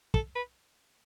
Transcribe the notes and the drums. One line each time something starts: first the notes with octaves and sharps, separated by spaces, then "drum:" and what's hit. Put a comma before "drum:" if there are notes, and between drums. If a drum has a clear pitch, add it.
A4, drum: kick
B4